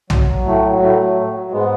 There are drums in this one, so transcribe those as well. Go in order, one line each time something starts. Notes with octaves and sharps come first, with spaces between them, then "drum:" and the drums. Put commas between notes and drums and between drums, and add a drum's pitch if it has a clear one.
F#3, drum: tom B1
F#3
A2 A3
F#3
A2 A3
F#3
A2
F#3
G#2 G#3 B3